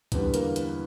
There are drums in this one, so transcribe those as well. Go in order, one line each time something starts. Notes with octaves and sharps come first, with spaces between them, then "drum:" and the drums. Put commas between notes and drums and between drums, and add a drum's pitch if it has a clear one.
E2 D3 G3 B3 B4, drum: kick C2, hi-hat
A#3 A#4, drum: hi-hat
B3 B4, drum: hi-hat